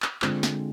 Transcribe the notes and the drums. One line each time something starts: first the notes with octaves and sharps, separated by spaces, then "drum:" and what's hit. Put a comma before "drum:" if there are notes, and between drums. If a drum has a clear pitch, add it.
drum: clap
D3 G#3 C4 F4 C5, drum: clap
drum: snare